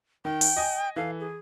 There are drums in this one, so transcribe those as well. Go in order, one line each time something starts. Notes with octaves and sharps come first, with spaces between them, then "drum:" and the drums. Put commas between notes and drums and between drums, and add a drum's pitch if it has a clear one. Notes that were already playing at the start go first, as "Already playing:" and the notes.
D#3 G5
drum: open hi-hat
D#5 G#5 D#6
E3 A4 F5
G#4